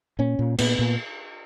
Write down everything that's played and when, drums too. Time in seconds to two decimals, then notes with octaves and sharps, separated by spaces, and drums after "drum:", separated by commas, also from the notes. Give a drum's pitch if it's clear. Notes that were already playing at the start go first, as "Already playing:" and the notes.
0.19 A#2 C#4
0.39 A#2
0.58 A#2 B3, drum: cymbal
0.79 A#2